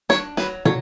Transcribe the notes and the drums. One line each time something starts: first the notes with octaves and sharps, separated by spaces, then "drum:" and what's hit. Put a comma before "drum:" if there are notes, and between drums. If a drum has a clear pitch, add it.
D4 C#5, drum: snare
F#3 B4, drum: snare
F#3 C#5, drum: tom